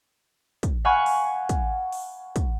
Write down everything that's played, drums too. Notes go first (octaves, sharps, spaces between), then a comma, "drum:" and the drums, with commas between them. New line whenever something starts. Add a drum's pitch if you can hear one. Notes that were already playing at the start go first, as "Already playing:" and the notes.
drum: kick, hi-hat
F5 F#5 G#5 B5 C#6 F#6
drum: open hi-hat
drum: kick, hi-hat
drum: open hi-hat
drum: kick, hi-hat